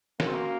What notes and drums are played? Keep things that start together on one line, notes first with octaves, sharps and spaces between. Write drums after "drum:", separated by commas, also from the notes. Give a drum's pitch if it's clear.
A#3 C#4 F#4 A#4 F5, drum: snare
C4
A#3